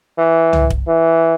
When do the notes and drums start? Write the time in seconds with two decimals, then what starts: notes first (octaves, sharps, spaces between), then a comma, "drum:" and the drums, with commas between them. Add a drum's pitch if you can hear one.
0.18 E3
0.53 drum: tom
0.70 drum: kick
0.88 E3